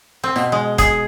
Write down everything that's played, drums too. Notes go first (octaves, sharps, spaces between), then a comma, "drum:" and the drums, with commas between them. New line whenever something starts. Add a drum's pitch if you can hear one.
C4
B2, drum: snare
G#3
G#4, drum: kick E1, hi-hat